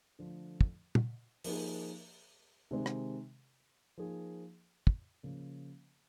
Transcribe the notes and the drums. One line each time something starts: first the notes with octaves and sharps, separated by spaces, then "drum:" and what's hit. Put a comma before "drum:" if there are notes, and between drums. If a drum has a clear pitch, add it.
D3 F3 A3
drum: kick
drum: tom
F3 A#3 D#4 G#4, drum: open hi-hat
C3 D#3 G#3 C4
drum: rim click
F3 A#3 D#4 G#4
drum: kick
C#3 F3 A#3 C#4